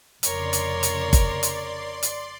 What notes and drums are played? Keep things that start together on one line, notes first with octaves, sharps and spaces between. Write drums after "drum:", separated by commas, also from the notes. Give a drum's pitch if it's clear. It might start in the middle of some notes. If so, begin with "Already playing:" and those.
F1 C#3 A#4 C#5 D5 C6, drum: hi-hat
drum: hi-hat
drum: hi-hat
drum: kick G1, hi-hat
drum: hi-hat
drum: hi-hat